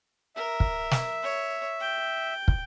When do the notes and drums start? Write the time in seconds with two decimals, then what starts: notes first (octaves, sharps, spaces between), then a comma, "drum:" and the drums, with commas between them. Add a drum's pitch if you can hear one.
0.36 A#4 E5
0.60 drum: kick
0.91 drum: snare
1.23 C#5
1.80 G5
2.48 drum: kick